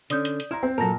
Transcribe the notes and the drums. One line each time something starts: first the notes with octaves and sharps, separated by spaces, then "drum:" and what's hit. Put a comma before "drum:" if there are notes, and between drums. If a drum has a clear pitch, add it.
D3 C#4 D5 D#6 G6, drum: hi-hat
drum: hi-hat
drum: hi-hat
E4 A#5 C6 F6
C4
A#2 F#3 A4 A#4 A5 A#5 A#6